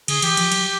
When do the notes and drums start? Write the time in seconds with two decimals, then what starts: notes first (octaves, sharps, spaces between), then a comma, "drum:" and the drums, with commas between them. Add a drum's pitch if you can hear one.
0.08 D3 G#4, drum: cymbal
0.22 E3 G4, drum: cymbal
0.37 F3, drum: cymbal
0.52 F#3, drum: cymbal